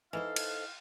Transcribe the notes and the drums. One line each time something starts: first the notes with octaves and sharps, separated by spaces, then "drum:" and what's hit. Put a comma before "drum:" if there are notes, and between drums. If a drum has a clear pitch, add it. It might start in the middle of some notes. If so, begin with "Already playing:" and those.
E3 D#4 A4 C5 F5
drum: cymbal